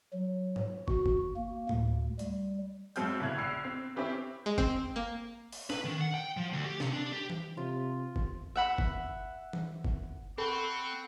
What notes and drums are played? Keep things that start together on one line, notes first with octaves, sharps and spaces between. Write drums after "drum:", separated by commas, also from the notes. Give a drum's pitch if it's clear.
F#3
drum: tom G#2
F#4, drum: kick
drum: kick
A#3
D2, drum: tom A2
G3, drum: hi-hat
F#2 G#3 C4 F6 G6, drum: hi-hat
G1 C#3 E4 F#6 G#6 F7
A#1 B5 E6 C7 F7
C4
C4 C#4 E4 G4 B4
G#3
C4, drum: kick
A#3
drum: open hi-hat
B4, drum: snare
D#3
F#5
G5
F3
D2
G4
C3, drum: snare
D4
G4
drum: tom E3
C3 F4
drum: kick
E5 F#5 B5
drum: kick
drum: tom E3
drum: kick
C4 A4 F#5 G5 B5 C#6